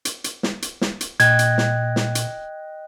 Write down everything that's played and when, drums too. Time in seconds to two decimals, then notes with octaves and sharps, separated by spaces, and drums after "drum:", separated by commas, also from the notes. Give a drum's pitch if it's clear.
0.05 drum: hi-hat
0.24 drum: hi-hat
0.43 drum: snare
0.62 drum: hi-hat
0.81 drum: snare
1.01 drum: hi-hat
1.20 A#2 D#5 G5 F#6 G#6, drum: hi-hat
1.39 drum: hi-hat
1.58 drum: snare
1.96 drum: snare
2.15 drum: hi-hat